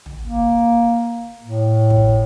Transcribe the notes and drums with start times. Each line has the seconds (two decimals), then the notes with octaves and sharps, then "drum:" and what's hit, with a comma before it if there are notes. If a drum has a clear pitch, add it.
0.06 drum: tom
0.25 A#3
1.43 A2
1.90 drum: kick